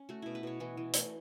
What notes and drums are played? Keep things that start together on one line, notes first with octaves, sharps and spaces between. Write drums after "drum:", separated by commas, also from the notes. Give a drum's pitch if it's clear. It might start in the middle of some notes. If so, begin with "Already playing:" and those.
Already playing: C#4
A3 F#4
B2 E4
B4
B2 C#5
E3 F#4
E3
A3, drum: hi-hat